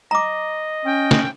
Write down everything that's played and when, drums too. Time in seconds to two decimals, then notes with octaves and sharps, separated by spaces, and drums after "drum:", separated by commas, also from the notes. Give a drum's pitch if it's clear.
0.11 D#5 A#5 D6
0.85 C#4 G5
1.11 drum: snare